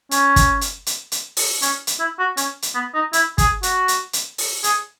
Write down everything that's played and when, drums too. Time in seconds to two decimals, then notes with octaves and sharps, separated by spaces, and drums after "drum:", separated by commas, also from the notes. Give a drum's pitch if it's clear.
0.11 C#4, drum: hi-hat
0.36 drum: kick, hi-hat
0.61 drum: hi-hat
0.86 drum: hi-hat
1.12 drum: hi-hat
1.37 drum: open hi-hat
1.62 C#4, drum: hi-hat
1.87 drum: hi-hat
1.99 E4
2.19 F#4
2.37 C#4, drum: hi-hat
2.62 drum: hi-hat
2.74 B3
2.94 D#4
3.13 E4, drum: hi-hat
3.38 G#4, drum: kick, hi-hat
3.63 F#4, drum: hi-hat
3.88 drum: hi-hat
4.13 drum: hi-hat
4.38 drum: open hi-hat
4.64 G#4, drum: hi-hat